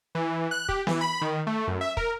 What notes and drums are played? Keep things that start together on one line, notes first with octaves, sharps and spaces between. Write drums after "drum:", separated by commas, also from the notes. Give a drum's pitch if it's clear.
E3
F#6
G4, drum: kick
E3, drum: snare B3
B5
D#3
A3
F#2
E5
A#4, drum: kick